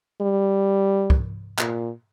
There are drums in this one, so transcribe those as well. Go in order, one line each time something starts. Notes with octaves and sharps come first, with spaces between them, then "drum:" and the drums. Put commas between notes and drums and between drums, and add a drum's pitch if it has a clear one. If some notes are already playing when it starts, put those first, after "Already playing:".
G3
drum: kick
A#2, drum: clap